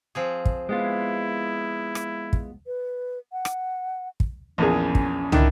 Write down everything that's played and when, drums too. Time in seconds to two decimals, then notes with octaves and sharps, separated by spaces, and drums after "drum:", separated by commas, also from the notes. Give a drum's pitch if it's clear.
0.15 F3 C4 G#4
0.45 drum: kick
0.69 G#3 B3 E4 F4
1.95 drum: rim click
2.33 drum: kick
2.67 B4
3.32 F#5
3.45 drum: rim click
4.20 drum: kick
4.58 A#1 E2 C#4 G#4
4.95 drum: kick
5.32 D#3 D4 E4, drum: tom